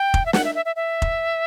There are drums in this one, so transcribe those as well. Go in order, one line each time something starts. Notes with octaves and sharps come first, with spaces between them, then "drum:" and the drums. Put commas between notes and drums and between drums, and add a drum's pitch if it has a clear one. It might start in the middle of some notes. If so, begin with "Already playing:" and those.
Already playing: G5
drum: kick F1
E5
F#5, drum: snare
E5
E5
E5
E5
drum: kick F1